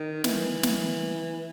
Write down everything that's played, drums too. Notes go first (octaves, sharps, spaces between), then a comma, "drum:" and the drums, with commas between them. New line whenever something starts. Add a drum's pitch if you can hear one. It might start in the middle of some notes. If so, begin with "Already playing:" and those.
Already playing: D#3
E3, drum: snare
drum: snare